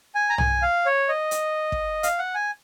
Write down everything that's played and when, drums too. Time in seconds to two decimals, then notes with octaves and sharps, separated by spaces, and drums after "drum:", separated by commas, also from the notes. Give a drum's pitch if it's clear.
0.15 G#5
0.30 A#5
0.38 G#5, drum: tom
0.62 F5
0.86 C#5
1.09 D#5
1.31 drum: hi-hat
1.72 drum: kick
2.03 F5, drum: hi-hat
2.19 F#5
2.35 G#5